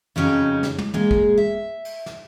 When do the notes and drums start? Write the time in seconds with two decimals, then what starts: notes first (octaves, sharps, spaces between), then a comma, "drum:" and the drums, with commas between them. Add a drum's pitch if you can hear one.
0.16 F2 C#3 F#3 C#4 D#4 G5
0.63 drum: snare
0.78 drum: tom
0.94 A#2 G#3 G#4, drum: tom
1.11 drum: kick
1.38 E5
1.85 drum: cymbal
2.06 drum: snare